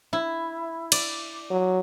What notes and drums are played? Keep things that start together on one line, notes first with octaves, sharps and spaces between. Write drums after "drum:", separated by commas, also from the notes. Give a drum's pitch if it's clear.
E4
D5, drum: cymbal
F#3